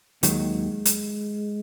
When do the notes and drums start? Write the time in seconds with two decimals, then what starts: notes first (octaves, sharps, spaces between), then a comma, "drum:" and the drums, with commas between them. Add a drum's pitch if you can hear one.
0.23 D#2 D#3 F#3 G#3, drum: hi-hat
0.85 drum: hi-hat